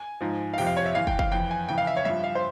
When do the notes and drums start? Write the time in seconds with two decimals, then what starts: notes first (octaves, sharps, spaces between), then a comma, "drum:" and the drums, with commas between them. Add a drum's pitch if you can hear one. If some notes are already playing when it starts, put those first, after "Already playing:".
Already playing: G#5
0.21 G#2 F3
0.54 F5
0.58 F2 C3 F3 G5, drum: open hi-hat
0.67 F5
0.77 C#5
0.86 E5
0.95 E2 E3 F5
1.07 G5, drum: kick
1.19 F5, drum: kick
1.32 F2 E3 G5
1.51 G#5
1.68 F2 C#3 E3 G5
1.78 F5
1.87 E5
1.97 C#5
2.05 G2 F3 E5
2.24 F5
2.35 C5